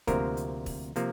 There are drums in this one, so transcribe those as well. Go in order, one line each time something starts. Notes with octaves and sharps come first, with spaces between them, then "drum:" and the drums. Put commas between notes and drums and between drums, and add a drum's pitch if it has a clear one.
D2 C3 F3 A#3 A#4, drum: kick E1, hi-hat
drum: hi-hat
drum: kick E1, open hi-hat
C3 F3 A#3, drum: hi-hat